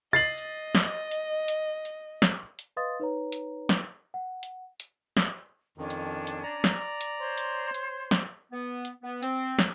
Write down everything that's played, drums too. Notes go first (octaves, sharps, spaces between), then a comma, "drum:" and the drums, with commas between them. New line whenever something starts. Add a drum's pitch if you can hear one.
D#5 A6 C7 F#7
drum: hi-hat
drum: snare
drum: hi-hat
drum: hi-hat
drum: hi-hat
drum: snare
drum: hi-hat
B4 D#5 F5 C6 D#6 A6
D#4 B4 C#5 A#5
drum: hi-hat
drum: snare
F#5
drum: hi-hat
drum: hi-hat
drum: snare
F2 D#3 C#4 D4
drum: hi-hat
drum: hi-hat
D5 A#5
drum: snare
drum: hi-hat
C5 C#5 C6
drum: hi-hat
drum: hi-hat
drum: snare
B3
drum: hi-hat
B3
C4, drum: hi-hat
drum: snare